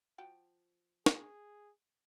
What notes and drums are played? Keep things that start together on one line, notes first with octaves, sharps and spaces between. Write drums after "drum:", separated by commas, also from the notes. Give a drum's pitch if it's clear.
F3 F#4 G5
G#4, drum: snare